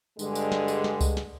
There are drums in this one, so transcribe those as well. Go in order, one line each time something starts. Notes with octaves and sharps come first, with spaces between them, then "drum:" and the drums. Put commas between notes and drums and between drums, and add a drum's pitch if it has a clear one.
G2 D3 G#3, drum: tambourine
drum: tambourine
drum: snare
drum: tambourine
drum: snare
drum: kick C2, tambourine
drum: snare